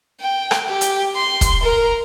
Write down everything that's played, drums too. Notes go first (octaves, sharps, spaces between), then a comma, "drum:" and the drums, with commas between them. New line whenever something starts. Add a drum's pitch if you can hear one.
G5
drum: rim click
G4
drum: hi-hat
C6
drum: kick, hi-hat
A#4